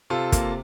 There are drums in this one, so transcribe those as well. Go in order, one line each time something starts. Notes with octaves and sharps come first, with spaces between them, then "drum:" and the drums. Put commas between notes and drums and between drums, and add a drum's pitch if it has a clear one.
C3 F4 A4
A#3, drum: kick, hi-hat